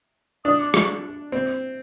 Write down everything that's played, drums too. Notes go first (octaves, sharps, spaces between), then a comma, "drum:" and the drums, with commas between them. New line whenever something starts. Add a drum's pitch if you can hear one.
D4 D#6
D6
C#6, drum: rim click
C4